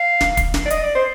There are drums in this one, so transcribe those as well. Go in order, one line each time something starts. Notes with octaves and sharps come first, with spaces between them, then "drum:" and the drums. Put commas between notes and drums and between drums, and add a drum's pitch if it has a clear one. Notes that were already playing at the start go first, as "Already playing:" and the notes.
Already playing: F5
drum: snare
drum: kick, hi-hat
drum: snare
D5
D#5, drum: hi-hat
D5
C5